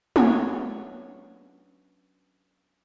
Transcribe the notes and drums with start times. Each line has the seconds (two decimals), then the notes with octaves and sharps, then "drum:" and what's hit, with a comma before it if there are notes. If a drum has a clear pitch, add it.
0.16 F#3 B3 C#4 D4 C#5, drum: tom